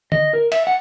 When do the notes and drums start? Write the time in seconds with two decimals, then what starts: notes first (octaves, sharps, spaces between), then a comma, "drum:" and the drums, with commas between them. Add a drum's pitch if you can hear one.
0.12 D#5, drum: tom D3
0.33 A#4
0.52 E5, drum: cymbal
0.67 F#5